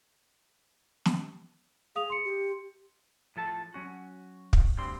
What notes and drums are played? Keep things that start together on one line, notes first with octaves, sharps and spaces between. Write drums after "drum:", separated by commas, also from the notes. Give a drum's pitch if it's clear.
drum: snare
G#4 F5 D#6 F7
C6 C#7
G4
A2 F3 A4 A5
F#3 C#4 F#4
drum: kick
D2 G2 G3 C4 C6